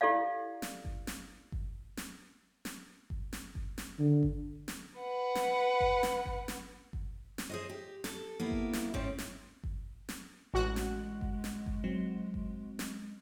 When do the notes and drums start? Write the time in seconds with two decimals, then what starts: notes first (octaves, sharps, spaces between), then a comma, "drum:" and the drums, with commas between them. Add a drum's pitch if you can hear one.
0.01 E4 G4 A4 D5 F5
0.62 drum: snare
0.85 drum: kick G1
1.07 drum: snare
1.52 drum: kick G1
1.97 drum: snare
2.65 drum: snare
3.10 drum: kick G1
3.33 drum: snare
3.55 drum: kick G1
3.78 drum: snare
3.99 D3
4.23 drum: kick G1
4.68 drum: snare
5.00 B4 F#5
5.35 drum: snare
5.80 drum: kick G1
6.03 drum: snare
6.26 drum: kick G1
6.48 drum: snare
6.93 drum: kick G1
7.38 drum: snare
7.50 G#4 C5 D#5
7.70 G4
8.04 A4, drum: snare
8.40 A#3 B3 E4
8.51 drum: kick G1
8.73 drum: snare
8.94 G#2 C4 C#4 D5, drum: kick G1
9.18 drum: snare
9.64 drum: kick G1
10.09 drum: snare
10.54 A1 G#3 F#4 F#6
10.76 drum: snare
11.21 drum: kick G1
11.44 drum: snare
11.66 drum: kick G1
11.84 F#3 C4
12.34 drum: kick G1
12.79 drum: snare